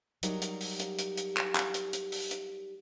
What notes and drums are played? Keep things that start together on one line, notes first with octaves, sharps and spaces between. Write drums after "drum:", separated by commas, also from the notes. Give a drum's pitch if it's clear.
F#3 G3 D#4 G4 A#4, drum: hi-hat
drum: hi-hat
drum: open hi-hat
drum: hi-hat
drum: hi-hat
drum: hi-hat
drum: clap
drum: clap
drum: hi-hat
drum: hi-hat
drum: open hi-hat
drum: hi-hat